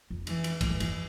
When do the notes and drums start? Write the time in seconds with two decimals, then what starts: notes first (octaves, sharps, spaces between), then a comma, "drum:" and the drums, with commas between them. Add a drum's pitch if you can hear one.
0.10 F2
0.27 E3, drum: cymbal
0.44 drum: cymbal
0.61 A2 E3, drum: kick, cymbal
0.70 G2
0.80 F2, drum: cymbal